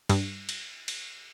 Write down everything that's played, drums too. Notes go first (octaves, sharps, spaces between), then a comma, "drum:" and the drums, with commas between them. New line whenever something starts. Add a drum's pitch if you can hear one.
G2, drum: cymbal
drum: cymbal
drum: cymbal